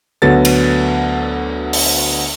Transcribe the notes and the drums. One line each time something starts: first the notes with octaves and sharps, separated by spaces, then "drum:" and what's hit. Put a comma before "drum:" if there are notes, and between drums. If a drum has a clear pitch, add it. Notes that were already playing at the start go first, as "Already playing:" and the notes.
D2 F#3 B3 A4 A6
drum: cymbal
drum: open hi-hat